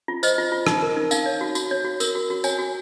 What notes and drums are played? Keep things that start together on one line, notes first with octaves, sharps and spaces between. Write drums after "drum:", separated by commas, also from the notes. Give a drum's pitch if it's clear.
F4
C5 D#5, drum: tambourine
F4
F4
D#4, drum: rim click
A#4
D#4
D#4 F5, drum: tambourine
C#5
F#4
F#4, drum: tambourine
C#5
F#4
A#4, drum: tambourine
F#4
F#4
C#5 G#5, drum: tambourine
F#4